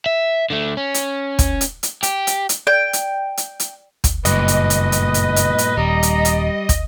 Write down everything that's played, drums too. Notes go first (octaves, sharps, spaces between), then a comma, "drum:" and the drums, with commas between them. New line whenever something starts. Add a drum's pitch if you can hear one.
E5
D3 A3
C#4
drum: hi-hat
drum: kick, hi-hat
drum: hi-hat
drum: hi-hat
G4, drum: hi-hat
drum: hi-hat
drum: hi-hat
D5 G5
drum: hi-hat
drum: hi-hat
drum: hi-hat
drum: kick, hi-hat
F#1 G2 A#2 B4 D#5, drum: hi-hat
drum: hi-hat
drum: hi-hat
drum: hi-hat
drum: hi-hat
drum: hi-hat
drum: hi-hat
D#1 G3 A#5
drum: hi-hat
drum: hi-hat
drum: kick, hi-hat